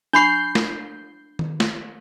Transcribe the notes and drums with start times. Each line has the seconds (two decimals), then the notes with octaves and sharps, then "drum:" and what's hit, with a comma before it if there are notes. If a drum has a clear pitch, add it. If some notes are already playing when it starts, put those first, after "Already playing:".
0.13 D4 B5 C#6 G6 C7
0.55 drum: snare
1.39 drum: tom D#3
1.60 drum: snare